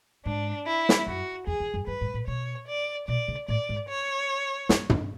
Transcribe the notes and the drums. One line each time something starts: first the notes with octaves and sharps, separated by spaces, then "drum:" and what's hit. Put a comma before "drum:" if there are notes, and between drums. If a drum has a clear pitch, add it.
G#2 D4
E4
drum: snare
F#2 F#4
E2 G#4
E2
F#2
F#2 B4
G#2
A2
B2 C#5
D5
B2 D5
C#3
A2 D5
G#2
C#5
F#2, drum: snare
E2, drum: tom